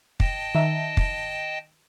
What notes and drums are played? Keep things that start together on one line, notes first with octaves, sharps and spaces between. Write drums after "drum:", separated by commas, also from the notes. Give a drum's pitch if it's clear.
D#5 G5 A5, drum: kick
D#3 E5
drum: kick